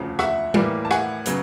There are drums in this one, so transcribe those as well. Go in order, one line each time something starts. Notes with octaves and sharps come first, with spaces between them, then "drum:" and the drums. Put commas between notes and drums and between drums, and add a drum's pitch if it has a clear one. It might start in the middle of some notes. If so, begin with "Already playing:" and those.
Already playing: E1 D2 C#3 F3
E5 F#5, drum: rim click
A2 E3 G3 A#3, drum: tom G3
A5
F#5 G#5, drum: rim click
C#3 F#3 B3, drum: hi-hat